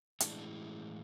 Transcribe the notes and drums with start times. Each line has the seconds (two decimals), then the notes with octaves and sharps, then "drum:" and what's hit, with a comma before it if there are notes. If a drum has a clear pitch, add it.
0.20 A2 E3 G#3 D4, drum: hi-hat